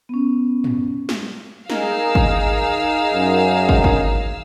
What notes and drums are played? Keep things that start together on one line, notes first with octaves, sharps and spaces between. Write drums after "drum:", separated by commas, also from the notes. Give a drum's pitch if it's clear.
B3 C#4
drum: tom
drum: snare
D#4 G#4 A#4 F5 E6, drum: snare
drum: kick
F#2
drum: kick
drum: kick